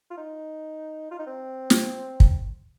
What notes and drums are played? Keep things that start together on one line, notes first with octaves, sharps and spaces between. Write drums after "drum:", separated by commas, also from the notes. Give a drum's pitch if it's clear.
F4
D#4
F4
D#4
C4
drum: snare
drum: kick